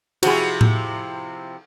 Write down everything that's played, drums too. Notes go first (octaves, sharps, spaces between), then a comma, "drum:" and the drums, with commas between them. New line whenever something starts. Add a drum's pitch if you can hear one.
C3 F3 E4 F#4 G#4, drum: cymbal
drum: tom A2